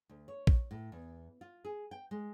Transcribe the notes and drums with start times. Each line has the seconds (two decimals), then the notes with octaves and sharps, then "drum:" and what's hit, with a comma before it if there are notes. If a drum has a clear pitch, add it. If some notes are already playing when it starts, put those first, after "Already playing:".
0.09 D2
0.28 C#5
0.47 drum: kick A#1
0.71 A2
0.92 E2
1.41 F4
1.65 G#4
1.91 G5
2.11 G#3